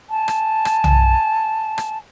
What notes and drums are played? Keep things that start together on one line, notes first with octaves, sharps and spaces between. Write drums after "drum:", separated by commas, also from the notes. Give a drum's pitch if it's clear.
G#5 A5
drum: rim click
drum: rim click
drum: tom B1
drum: rim click